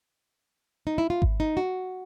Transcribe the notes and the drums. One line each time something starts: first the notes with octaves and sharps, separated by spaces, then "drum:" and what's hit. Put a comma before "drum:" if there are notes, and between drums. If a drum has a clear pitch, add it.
D#4
E4
F4
drum: kick G#1
D#4
F#4